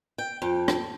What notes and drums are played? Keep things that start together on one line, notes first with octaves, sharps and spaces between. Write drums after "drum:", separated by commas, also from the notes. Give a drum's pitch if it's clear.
G5
F2
drum: rim click